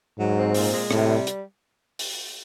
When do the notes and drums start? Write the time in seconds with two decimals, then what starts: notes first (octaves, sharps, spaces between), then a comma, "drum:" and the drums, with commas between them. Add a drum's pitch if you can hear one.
0.18 G#2 F#3
0.37 C4
0.54 A#2, drum: open hi-hat
0.73 G#3
0.91 A2 C3, drum: rim click
1.08 G3
1.27 drum: hi-hat
1.99 drum: open hi-hat